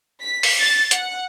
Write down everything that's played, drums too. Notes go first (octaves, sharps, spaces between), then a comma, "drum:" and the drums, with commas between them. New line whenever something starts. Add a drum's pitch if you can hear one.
B6
drum: open hi-hat
A6
F#5, drum: hi-hat